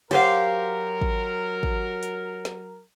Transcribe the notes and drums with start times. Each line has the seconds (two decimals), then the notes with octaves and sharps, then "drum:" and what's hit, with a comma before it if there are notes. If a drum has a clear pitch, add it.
0.11 F#3 G4 A#4 C5 C#5 F5 F#5, drum: cymbal
1.01 drum: kick
1.63 drum: kick
2.03 drum: hi-hat
2.45 drum: snare